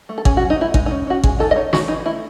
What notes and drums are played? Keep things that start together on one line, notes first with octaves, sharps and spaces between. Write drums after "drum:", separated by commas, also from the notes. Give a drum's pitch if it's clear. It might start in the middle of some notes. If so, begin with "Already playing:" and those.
A3
A4
C#4 G#4, drum: kick G#1
F#4
F#3
D#4
A3 E4
G#3 D#4, drum: kick G#1
D#4
C#4
C#4 F#4
G#3 G#4, drum: kick G#1
D#4 A4
D#5
D#4 C#5
D#4 F#4, drum: snare
E3 D#4
A3 E4